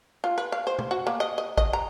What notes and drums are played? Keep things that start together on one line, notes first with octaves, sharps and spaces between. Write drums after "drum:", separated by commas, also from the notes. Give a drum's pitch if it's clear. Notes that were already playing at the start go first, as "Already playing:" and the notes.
F4
B4
F5
C5
drum: tom
F#4
A#3
D#5
D#5
D#5, drum: kick A1
A#5